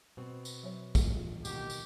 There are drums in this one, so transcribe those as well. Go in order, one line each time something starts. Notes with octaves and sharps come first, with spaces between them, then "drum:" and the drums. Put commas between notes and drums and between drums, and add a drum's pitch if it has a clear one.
B2 C4
drum: tambourine
F#3 C#5
drum: kick, tambourine
E3 F4
B2 D#3 G4, drum: tambourine
drum: tambourine